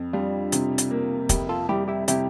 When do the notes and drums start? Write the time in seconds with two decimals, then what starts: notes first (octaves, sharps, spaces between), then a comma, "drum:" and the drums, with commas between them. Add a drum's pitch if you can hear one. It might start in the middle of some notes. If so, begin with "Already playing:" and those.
Already playing: F2
0.13 G3 D4 F4
0.52 C3, drum: hi-hat
0.78 drum: hi-hat
0.91 A#3
1.29 F2 E4 G4, drum: kick, hi-hat
1.49 F4 A4
1.69 G3 E4 G4
1.88 E4 G4
2.08 C3 E4 G4, drum: hi-hat